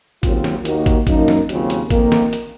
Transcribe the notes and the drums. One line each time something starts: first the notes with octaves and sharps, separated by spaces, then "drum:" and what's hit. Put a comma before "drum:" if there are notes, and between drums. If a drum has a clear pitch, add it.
D#2 C#3 F#3 C4 F4, drum: kick, hi-hat
drum: snare
D#2 D#3 A#3 D#4 F#4, drum: hi-hat
drum: kick, hi-hat
F#2 F3 A#3 D#4, drum: kick, hi-hat
drum: snare
D#2 C#3 F#3 C4 F4, drum: hi-hat
drum: hi-hat
F2 D#3 A#3, drum: kick, hi-hat
drum: snare
drum: hi-hat